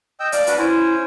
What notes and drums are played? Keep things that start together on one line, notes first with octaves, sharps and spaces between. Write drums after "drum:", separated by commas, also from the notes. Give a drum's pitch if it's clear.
D#5 G5 E6
D5 F5, drum: hi-hat
D4 F#4 B4, drum: hi-hat
C#4 E4 C5 G#5